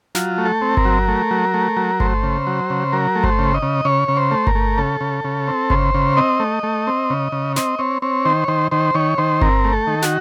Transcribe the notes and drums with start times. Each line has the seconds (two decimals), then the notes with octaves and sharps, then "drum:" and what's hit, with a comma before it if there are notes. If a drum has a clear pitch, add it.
0.15 F#3 F4, drum: snare
0.38 A3
0.45 A4
0.61 C4
0.77 A#4, drum: kick G1
0.85 F#3
1.08 A3
1.31 F#3
1.54 A3
1.77 F#3
2.00 A3 C5, drum: kick G1
2.23 C#3
2.47 F#3
2.70 C#3
2.92 F#3 A#4
3.15 A3
3.24 C5, drum: kick G1
3.39 C#3
3.54 D#5
3.62 C#3
3.85 C#3 C#5
4.08 C#3
4.17 C5
4.31 A3
4.47 A#4, drum: kick G1
4.55 A3
4.78 C#3 A4
5.01 C#3
5.24 C#3
5.48 C4
5.70 C#3 C5, drum: kick G1
5.94 C#3
6.17 C4 D#5
6.40 A3
6.63 A3
6.87 C4
7.10 C#3
7.32 C#3
7.56 C4 D#5, drum: snare
7.79 C4 C#5
8.02 C4 C#5
8.25 D#3 C5
8.44 C#5
8.48 D#3 C5
8.71 D#3 C5
8.95 D#3 C#5
9.18 D#3 C5
9.41 C4 A#4, drum: kick G1
9.65 A3
9.73 A4
9.87 D#3
10.02 F#4, drum: snare